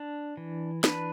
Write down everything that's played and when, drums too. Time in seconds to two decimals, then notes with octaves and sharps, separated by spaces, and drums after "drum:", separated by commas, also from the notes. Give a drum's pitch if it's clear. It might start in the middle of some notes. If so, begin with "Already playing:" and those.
Already playing: D4
0.37 E3
0.84 D4 B4, drum: snare